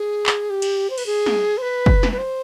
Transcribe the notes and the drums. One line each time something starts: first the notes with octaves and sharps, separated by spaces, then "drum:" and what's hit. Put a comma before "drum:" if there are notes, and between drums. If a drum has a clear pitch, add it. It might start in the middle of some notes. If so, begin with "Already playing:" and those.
Already playing: G#4
drum: clap
G4
drum: cymbal
C5
B4, drum: cymbal
G#4
drum: snare
C5
B4
drum: kick
drum: snare
B4
C5